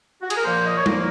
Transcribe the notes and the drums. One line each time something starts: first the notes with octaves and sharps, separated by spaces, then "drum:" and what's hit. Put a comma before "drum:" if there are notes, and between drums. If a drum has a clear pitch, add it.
F#4
G#4, drum: cymbal
A#4
A#2 F3 A#3 C5
D#5
C#5
A#2 F3 A#3 C5, drum: tom G3